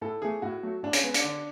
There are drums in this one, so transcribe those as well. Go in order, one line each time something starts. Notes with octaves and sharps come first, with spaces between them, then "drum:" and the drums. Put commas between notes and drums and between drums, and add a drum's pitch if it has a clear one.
A2 A4
E3 A3 G#4
A2 F#4
F#3 A3
A2 D4
C#4, drum: hi-hat
G#3 B3
D4, drum: hi-hat
D3